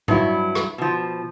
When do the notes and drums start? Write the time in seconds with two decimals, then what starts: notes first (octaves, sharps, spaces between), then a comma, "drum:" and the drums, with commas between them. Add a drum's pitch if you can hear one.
0.08 G2 F#3 E4, drum: tom
0.55 drum: rim click
0.78 B2 F3